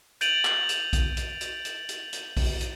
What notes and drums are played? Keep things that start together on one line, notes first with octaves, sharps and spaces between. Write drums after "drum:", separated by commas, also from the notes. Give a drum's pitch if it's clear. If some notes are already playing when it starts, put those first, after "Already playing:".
G6 A6 D7 D#7 F7 F#7, drum: hi-hat
drum: clap
drum: hi-hat
drum: kick A#1, hi-hat
drum: hi-hat
drum: hi-hat
drum: hi-hat
drum: hi-hat
drum: hi-hat
drum: kick A#1, open hi-hat
drum: hi-hat